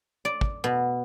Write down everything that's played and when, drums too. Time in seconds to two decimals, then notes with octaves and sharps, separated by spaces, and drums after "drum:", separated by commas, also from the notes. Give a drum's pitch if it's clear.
0.25 D5
0.41 drum: kick
0.64 B2